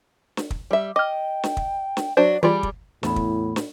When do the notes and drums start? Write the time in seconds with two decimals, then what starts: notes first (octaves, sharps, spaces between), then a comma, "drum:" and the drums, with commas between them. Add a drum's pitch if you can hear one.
0.37 drum: snare
0.50 drum: kick
0.71 G3 E5
0.96 D#5 G5 D6 F6
1.43 drum: snare
1.57 drum: kick
1.97 drum: snare
2.17 F#3 D4 F#4 C5 D5
2.43 E3 G3 F4 G#4 D5 B5
2.63 drum: kick
3.03 E2 A2 E4 B5, drum: snare
3.16 drum: kick
3.56 drum: snare